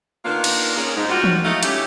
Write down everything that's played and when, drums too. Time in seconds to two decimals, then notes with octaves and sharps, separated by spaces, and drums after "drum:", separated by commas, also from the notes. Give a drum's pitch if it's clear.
0.25 D#3 A#3 B3 D4 F4
0.44 drum: cymbal
0.76 A#3 C#4 D4 F4 G#4
0.96 G#2
1.09 G3 F4 F#4
1.24 drum: tom E3
1.44 A3 D#4 E4 F#4 D#5 F5
1.63 C#4 E4 G4, drum: hi-hat